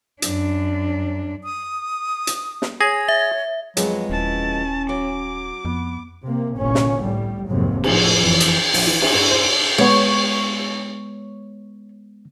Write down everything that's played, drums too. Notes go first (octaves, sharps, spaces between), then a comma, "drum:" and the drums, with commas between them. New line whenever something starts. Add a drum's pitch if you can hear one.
F#2 D4, drum: hi-hat
D#6
drum: hi-hat
drum: snare
G#4 C#5 A#6
E5
F2 F#3 G#3 B3, drum: hi-hat
D#1 C#4 E4 A5
F#3 D6
F2 B3
C3 A#3
G1 C2 A#2 C#4
drum: snare
A2 G3
F1 D#2 G#2 C3 F#3
A2 F3, drum: cymbal
F2 E3
drum: hi-hat
A#1, drum: open hi-hat
E3
E5, drum: cymbal
G2
C5
D7
G#3 B3 C#5